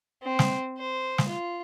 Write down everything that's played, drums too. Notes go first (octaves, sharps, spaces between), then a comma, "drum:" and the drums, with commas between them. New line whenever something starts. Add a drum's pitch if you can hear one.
C4
drum: snare
C5
drum: snare
F4